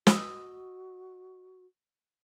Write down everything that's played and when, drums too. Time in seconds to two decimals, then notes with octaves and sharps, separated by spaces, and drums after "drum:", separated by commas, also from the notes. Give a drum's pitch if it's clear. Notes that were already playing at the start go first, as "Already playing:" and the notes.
0.07 F#4 D#5 D#6 E6, drum: snare